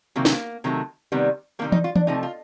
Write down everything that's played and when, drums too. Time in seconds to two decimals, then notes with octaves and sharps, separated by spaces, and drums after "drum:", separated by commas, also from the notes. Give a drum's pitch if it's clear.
0.16 C3 D#3 F#3 A#3
0.25 B3, drum: snare
0.32 A#3
0.64 C3 D#3 F#3 A3
1.12 C3 D#3 G3 B3
1.59 C3 D#3 G3 A#3
1.72 D#4, drum: tom E3
1.84 F4
1.96 D4, drum: tom E3
2.07 C3 F3 A3 D#4
2.23 F4